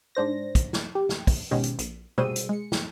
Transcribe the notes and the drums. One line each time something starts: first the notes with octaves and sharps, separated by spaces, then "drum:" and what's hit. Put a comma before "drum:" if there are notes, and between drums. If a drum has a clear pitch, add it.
G#2 D4 C5 A#6
drum: kick, hi-hat
drum: snare
G4
drum: snare
drum: kick, open hi-hat
G#1 B2 D#3 G#3 C#4 G4
drum: hi-hat
A#1, drum: hi-hat
G3 F#4 G#4 C5 E6 D#7, drum: tom B2
drum: hi-hat
G#3 C#7
drum: snare